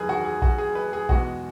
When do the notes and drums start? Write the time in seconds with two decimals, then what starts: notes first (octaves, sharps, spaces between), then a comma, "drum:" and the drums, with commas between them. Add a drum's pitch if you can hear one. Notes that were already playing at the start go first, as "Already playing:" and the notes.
Already playing: F#1 E2 D#3 G#4 B4
0.09 F#4
0.25 G#4
0.42 F#4, drum: kick A#1
0.58 G#4
0.75 B4
0.93 G#4
1.09 E2 B2 G#3 F#4, drum: kick A#1